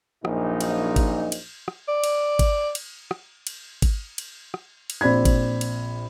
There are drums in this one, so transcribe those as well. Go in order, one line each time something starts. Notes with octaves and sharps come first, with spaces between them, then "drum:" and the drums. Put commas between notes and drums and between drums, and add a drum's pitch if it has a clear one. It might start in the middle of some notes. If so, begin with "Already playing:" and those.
A#1 F#2 A#2 D#4, drum: rim click
drum: cymbal
drum: kick G#1, cymbal
drum: cymbal
drum: rim click
D5
drum: cymbal
drum: kick G#1, cymbal
drum: cymbal
drum: rim click
drum: cymbal
drum: kick G#1, cymbal
drum: cymbal
drum: rim click
drum: cymbal
A#1 C4 D5 B5 G#6
drum: kick G#1, cymbal
drum: cymbal